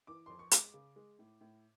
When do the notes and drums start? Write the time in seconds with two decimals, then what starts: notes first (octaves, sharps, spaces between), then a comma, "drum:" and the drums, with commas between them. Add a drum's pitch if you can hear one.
0.07 E3 D6
0.26 F2 C6
0.39 C#6
0.51 G#3 D6, drum: hi-hat
0.74 C#3
0.96 G#3
1.19 A2
1.41 A2